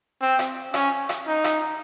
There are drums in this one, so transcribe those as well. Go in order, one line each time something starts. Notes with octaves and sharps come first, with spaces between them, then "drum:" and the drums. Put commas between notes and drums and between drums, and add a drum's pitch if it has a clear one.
C4
drum: rim click
C#4, drum: rim click
drum: rim click
D#4
drum: rim click